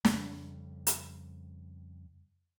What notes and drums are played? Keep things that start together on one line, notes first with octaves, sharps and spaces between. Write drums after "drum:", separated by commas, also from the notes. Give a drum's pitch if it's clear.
F2 C#3 G3, drum: snare
drum: hi-hat